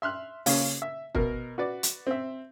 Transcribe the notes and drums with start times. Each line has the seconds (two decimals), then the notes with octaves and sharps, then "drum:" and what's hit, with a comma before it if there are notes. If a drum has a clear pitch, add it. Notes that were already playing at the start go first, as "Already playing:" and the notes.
0.02 E5 C6 F6 F#6
0.46 C#3 A#3 C#4, drum: open hi-hat
0.82 E5
1.15 B2 A#4, drum: kick
1.58 F#4 B4 D5
1.83 drum: hi-hat
2.07 C4 E5